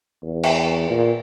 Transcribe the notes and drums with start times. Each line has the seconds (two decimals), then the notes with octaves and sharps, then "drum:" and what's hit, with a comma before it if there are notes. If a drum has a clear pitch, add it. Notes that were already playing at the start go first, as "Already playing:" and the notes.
0.23 E2
0.43 drum: cymbal
0.90 A#2